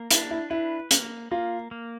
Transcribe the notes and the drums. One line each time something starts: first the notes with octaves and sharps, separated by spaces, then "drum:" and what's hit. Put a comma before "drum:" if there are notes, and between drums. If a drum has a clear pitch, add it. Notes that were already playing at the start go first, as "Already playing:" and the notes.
Already playing: A#3
D4 E4, drum: hi-hat
E4
E4 B4
A#3, drum: hi-hat
A#3 F4
A#3